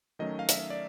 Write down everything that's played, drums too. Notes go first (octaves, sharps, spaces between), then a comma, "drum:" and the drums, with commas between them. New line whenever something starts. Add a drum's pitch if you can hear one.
D#3 F#3 A3 C#4 D#5
F5
E5, drum: hi-hat
D5